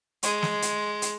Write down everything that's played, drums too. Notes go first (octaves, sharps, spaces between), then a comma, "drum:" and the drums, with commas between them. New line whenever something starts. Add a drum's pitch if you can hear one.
G#3, drum: hi-hat
drum: snare
drum: hi-hat
drum: hi-hat